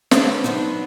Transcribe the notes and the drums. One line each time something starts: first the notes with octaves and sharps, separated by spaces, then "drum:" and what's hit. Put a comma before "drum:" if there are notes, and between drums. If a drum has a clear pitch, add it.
D3 B3 C#4 D4 C5, drum: snare
F#3 B3 C4 D4 D#4